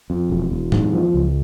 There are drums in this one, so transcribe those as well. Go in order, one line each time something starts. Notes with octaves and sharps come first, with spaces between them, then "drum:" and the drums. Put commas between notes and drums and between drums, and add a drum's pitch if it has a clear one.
F2
E1
E2
G#2, drum: tom G#2
F3
C#2